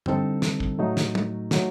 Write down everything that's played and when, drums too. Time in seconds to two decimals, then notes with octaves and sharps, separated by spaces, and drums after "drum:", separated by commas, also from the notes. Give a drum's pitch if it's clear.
0.06 D3 G3 C4 D#4 A4, drum: tom
0.42 drum: snare
0.60 drum: kick
0.79 A2 F#3 A3 D#4
0.97 drum: snare
1.15 drum: tom
1.51 F#3 A3 D#4, drum: snare